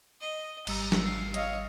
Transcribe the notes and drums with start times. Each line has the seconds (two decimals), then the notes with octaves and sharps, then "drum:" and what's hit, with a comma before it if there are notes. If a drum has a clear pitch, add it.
0.21 D#5
0.67 G#1 G3 A#5 E6, drum: cymbal
0.92 drum: snare
1.04 F5
1.34 C#5 D#5 F5, drum: hi-hat